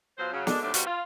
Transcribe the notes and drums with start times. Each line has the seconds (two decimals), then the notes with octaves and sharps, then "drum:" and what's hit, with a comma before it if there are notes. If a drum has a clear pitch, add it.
0.18 B2 F#3 F4 C5
0.33 C#3 F#3
0.47 D3 G#3 D4, drum: snare
0.62 D#2 A2 C3 F#3 A3 D4
0.74 C3 G3 B3 F4 F#4, drum: hi-hat
0.86 F4